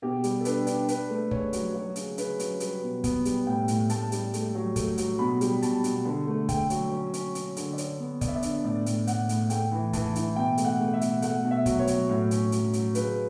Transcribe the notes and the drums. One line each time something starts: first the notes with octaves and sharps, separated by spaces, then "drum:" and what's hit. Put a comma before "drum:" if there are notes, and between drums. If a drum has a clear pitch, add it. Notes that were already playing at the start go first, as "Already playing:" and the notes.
B2 G4
G3, drum: hi-hat
A4
D4 B4, drum: hi-hat
D4, drum: hi-hat
D4 B4, drum: hi-hat
A3
C#3 C#5, drum: kick
F#3, drum: hi-hat
F#3 C#5
C#3, drum: hi-hat
C#3 B4, drum: hi-hat
F#3, drum: hi-hat
G3 B4, drum: hi-hat
B2
B3, drum: kick, hi-hat
G3, drum: hi-hat
A2 G5
A2, drum: hi-hat
A2 A5, drum: hi-hat
G3, drum: hi-hat
A3, drum: hi-hat
F#3
A3, drum: kick, hi-hat
F#3, drum: hi-hat
B2 B5
G3, drum: hi-hat
B2 A5, drum: hi-hat
B2, drum: hi-hat
D3
A3
A3 G5, drum: kick, hi-hat
F#3, drum: hi-hat
C#4
C#4, drum: hi-hat
C#4, drum: hi-hat
D3, drum: hi-hat
D5
D4 C#5, drum: hi-hat
B3
B3 D5, drum: kick, hi-hat
E5
D5
D4, drum: hi-hat
A2 D5
A2, drum: hi-hat
A2 F#5, drum: hi-hat
A2, drum: hi-hat
A3 G5, drum: hi-hat
E3
E3 A5, drum: kick, hi-hat
E3, drum: hi-hat
B2 G5
A3, drum: hi-hat
F#5
A3
E5
B2, drum: hi-hat
A3 F#5, drum: hi-hat
B2
E5
F#3, drum: kick, hi-hat
C#5
F#3, drum: hi-hat
A2
C#4, drum: hi-hat
F#3, drum: hi-hat
F#3, drum: hi-hat
C#3 B4, drum: hi-hat